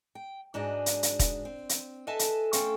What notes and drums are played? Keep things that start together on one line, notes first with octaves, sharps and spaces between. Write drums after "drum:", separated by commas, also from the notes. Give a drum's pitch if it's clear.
G5
G#2 D4 D#4 F#4 G#4
drum: hi-hat
drum: hi-hat
drum: kick, hi-hat
C4
drum: hi-hat
A4 B4 D#5 E5 G#5 A5
drum: hi-hat
A3 C4 C#4 A4 F5 G5, drum: hi-hat